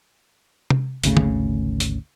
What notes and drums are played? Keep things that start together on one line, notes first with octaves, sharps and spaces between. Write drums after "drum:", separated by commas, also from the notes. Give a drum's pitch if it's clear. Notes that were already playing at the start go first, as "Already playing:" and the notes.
drum: tom C3
G#1 D2 C#3 A3, drum: hi-hat
drum: tom D3
drum: hi-hat